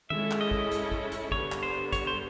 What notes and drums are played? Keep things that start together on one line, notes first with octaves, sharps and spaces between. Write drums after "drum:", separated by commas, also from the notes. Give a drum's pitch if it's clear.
G#3 C#4 E4 A4 E5, drum: tom D#3
drum: clap
D#5
drum: kick
drum: hi-hat
drum: kick
drum: hi-hat
D3 G3 B3 C#5, drum: kick
drum: clap
C5
C#5, drum: kick, hi-hat
C5